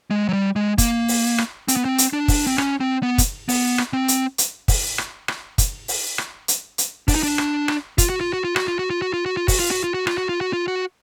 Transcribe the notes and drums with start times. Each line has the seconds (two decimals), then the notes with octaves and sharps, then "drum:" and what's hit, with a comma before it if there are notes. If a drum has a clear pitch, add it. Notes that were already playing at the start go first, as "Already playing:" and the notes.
0.11 G#3
0.29 F#3
0.33 G3
0.56 G#3
0.78 A#3, drum: kick, hi-hat
1.08 drum: open hi-hat
1.38 drum: rim click
1.68 C4, drum: hi-hat
1.77 B3
1.85 C4
1.98 drum: hi-hat
2.13 D4
2.28 drum: kick, open hi-hat
2.47 C4
2.58 C#4, drum: rim click
2.80 C4
3.03 B3
3.18 drum: kick, hi-hat
3.49 B3, drum: open hi-hat
3.78 drum: rim click
3.93 C4
4.08 drum: hi-hat
4.38 drum: hi-hat
4.68 drum: kick, open hi-hat
4.98 drum: rim click
5.28 drum: rim click
5.58 drum: kick, hi-hat
5.88 drum: open hi-hat
6.18 drum: rim click
6.48 drum: hi-hat
6.78 drum: hi-hat
7.08 D4, drum: kick, open hi-hat
7.15 D#4
7.23 D4
7.38 drum: rim click
7.68 drum: rim click
7.98 F4, drum: kick, hi-hat
8.10 F#4
8.21 F4
8.33 F#4
8.44 F4
8.56 F#4, drum: rim click
8.68 F4
8.79 F#4
8.90 F4
9.02 F#4
9.14 F4
9.26 F#4
9.37 F4
9.48 F#4, drum: kick, open hi-hat
9.60 F4
9.71 F#4
9.84 F4
9.94 F#4
10.07 F4, drum: rim click
10.18 F#4
10.29 F4
10.41 F#4
10.53 F4
10.68 F#4